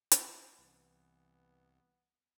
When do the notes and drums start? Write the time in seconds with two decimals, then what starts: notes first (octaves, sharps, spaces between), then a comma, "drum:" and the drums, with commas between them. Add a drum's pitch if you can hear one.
0.12 drum: hi-hat
0.58 C2 E3 B3